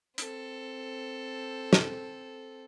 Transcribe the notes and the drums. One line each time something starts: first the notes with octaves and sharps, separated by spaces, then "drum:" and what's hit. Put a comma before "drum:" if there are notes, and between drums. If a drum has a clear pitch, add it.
C4 A4, drum: hi-hat
drum: snare